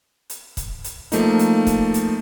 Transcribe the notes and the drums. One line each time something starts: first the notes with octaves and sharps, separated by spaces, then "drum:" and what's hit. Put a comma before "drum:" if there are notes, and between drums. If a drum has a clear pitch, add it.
drum: hi-hat
drum: kick, hi-hat
drum: hi-hat
F3 A3 A#3 D#4, drum: hi-hat
drum: hi-hat
drum: kick, hi-hat
drum: hi-hat